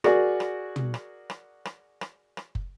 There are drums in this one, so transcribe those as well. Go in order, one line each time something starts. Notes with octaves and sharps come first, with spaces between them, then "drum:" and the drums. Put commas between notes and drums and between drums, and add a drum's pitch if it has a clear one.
F#4 G#4 A#4 D5, drum: rim click
drum: rim click
drum: tom
drum: rim click
drum: rim click
drum: rim click
drum: rim click
drum: rim click
drum: kick